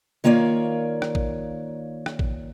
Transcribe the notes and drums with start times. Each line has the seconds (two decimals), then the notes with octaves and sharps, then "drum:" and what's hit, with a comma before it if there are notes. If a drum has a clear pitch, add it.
0.24 D#3 A#3 F4 C#5 D5
1.02 drum: rim click
1.15 drum: kick A1
2.06 drum: rim click
2.19 drum: kick A1